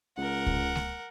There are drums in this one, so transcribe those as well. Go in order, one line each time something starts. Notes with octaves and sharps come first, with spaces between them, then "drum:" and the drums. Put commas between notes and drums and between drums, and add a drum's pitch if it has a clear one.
C#2 A#4 F#5
drum: kick C#2
drum: snare G#3